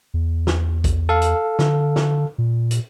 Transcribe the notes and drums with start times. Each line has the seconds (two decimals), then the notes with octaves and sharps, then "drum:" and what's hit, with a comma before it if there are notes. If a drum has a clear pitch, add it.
0.14 E2
0.47 drum: snare
0.84 drum: kick A#1, hi-hat
1.09 A4 F5
1.22 drum: hi-hat
1.59 D3, drum: snare
1.96 drum: snare
2.38 A#2
2.71 drum: hi-hat